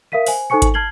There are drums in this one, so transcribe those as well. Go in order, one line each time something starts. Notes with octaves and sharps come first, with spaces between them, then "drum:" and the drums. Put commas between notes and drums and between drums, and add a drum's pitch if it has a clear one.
A#4 E5 F5 B6 D#7
C5 G#5, drum: open hi-hat
D#4 A4 C5 G#5 C#6 C#7
drum: kick G#1, hi-hat
A5 F6 G#6 C7 F#7 G7